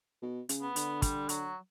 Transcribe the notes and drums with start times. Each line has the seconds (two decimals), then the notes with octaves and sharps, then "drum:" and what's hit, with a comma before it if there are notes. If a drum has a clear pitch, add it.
0.22 B2
0.49 C#3, drum: hi-hat
0.62 B3
0.76 D3, drum: hi-hat
1.02 G3, drum: kick, hi-hat
1.29 F#3, drum: hi-hat